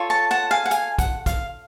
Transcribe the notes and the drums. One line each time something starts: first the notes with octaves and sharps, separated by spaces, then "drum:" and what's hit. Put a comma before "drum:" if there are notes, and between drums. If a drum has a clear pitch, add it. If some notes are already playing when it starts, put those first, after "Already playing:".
Already playing: F4 A4 C#5
A5 C#6
F#5 A5
F5 G#5
F#5
F5 G#5, drum: hi-hat
F#5, drum: kick, hi-hat
F5, drum: kick, hi-hat